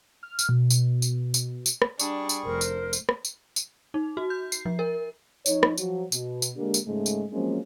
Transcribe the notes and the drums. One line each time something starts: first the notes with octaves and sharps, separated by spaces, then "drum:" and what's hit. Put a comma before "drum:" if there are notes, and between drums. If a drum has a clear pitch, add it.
F6
drum: tambourine
B2
drum: tambourine
drum: tambourine
drum: tambourine
drum: tambourine
drum: rim click
G3 D4 G#4 C#6, drum: tambourine
drum: tambourine
F1 A#4 C5
drum: tambourine
drum: tambourine
drum: rim click
drum: tambourine
drum: tambourine
D#4
F#4
G6
C7, drum: tambourine
F3
A#4
F2 D#4 C#5, drum: tambourine
drum: rim click
F3 F#3 F#4, drum: tambourine
B2, drum: tambourine
drum: tambourine
D3 G#3 A#3 D4 G4
drum: tambourine
G#2 C#3 G#3 A3
drum: tambourine
F3 F#3 G#3 A#3 C4 C#4